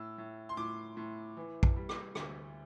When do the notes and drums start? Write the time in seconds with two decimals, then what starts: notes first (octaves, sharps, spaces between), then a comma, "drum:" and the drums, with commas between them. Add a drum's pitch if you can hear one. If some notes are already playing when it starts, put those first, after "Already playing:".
Already playing: A2 E6
0.18 A2
0.49 C6
0.57 A2 D6
0.97 A2
1.37 E3
1.63 drum: kick A#1
1.76 G3
1.89 drum: rim click
2.15 D2, drum: rim click